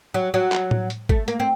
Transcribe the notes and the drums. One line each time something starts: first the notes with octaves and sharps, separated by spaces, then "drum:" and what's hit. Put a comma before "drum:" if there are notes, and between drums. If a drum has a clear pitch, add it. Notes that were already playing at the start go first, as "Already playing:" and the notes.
F#3
F#3
drum: clap
drum: tom A2
drum: hi-hat
A3, drum: kick
A#3, drum: hi-hat
C4